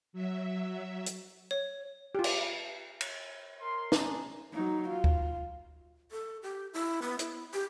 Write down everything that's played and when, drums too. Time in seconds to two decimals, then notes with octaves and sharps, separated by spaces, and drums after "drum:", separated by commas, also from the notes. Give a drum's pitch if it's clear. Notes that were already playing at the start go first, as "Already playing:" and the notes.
0.13 F#3 E5
1.06 drum: hi-hat
1.51 C#5
2.15 F4 G4
2.24 drum: cymbal
3.01 drum: cymbal
3.61 A#4 C6
3.92 D4 G#4 A#5, drum: snare
4.52 F#3 D#4
4.89 F4
5.04 drum: kick D2
6.11 A4
6.43 G4
6.74 E4
7.02 B3
7.19 E4, drum: hi-hat
7.54 G4